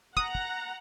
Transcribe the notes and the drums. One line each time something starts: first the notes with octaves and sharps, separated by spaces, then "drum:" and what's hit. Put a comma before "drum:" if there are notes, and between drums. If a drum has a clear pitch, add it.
F#5 A#5 D#6, drum: kick
drum: kick